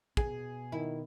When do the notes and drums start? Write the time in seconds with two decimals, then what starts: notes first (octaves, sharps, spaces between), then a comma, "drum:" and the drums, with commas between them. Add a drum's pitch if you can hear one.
0.17 B2 G#4, drum: kick
0.72 D#3 E4